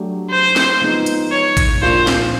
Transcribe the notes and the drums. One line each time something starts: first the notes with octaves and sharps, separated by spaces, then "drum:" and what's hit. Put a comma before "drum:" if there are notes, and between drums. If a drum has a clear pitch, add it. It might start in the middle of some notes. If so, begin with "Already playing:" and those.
Already playing: F#3 A3 D4 G4
C5
drum: snare
F3 G#3 B3 D#4
drum: hi-hat
C#5
drum: kick A1, hi-hat
A#2 F3 A#3 D4 F4 C5
drum: snare